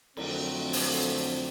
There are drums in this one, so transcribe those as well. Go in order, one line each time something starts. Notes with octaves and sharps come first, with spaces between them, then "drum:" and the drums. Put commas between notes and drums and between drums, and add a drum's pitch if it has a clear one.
F2 D3 F#3 A3 C4, drum: cymbal
drum: open hi-hat